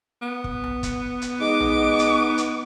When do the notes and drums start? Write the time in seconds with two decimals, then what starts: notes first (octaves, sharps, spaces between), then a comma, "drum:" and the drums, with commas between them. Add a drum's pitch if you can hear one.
0.22 B3
0.44 drum: kick
0.64 drum: tom B1
0.83 drum: kick, hi-hat
1.22 drum: hi-hat
1.41 G#3 D#4 D6
1.60 drum: tom B1
1.99 drum: hi-hat
2.38 drum: hi-hat